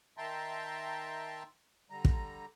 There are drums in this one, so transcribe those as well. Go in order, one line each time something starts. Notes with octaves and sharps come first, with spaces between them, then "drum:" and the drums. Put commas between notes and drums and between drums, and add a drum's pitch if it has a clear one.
D#3 E5 G5 A5 A#5 C6
D3 G3 A#5
drum: kick